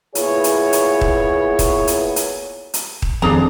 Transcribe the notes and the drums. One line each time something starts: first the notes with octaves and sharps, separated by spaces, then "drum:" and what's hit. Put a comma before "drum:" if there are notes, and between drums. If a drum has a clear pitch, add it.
A#2 B3 E4 G#4 C#5, drum: hi-hat
drum: hi-hat
drum: hi-hat
drum: kick D#1
drum: kick D#1, hi-hat
drum: hi-hat
drum: hi-hat
drum: hi-hat
drum: kick D#1
G#1 F2 D4 G#4 A#5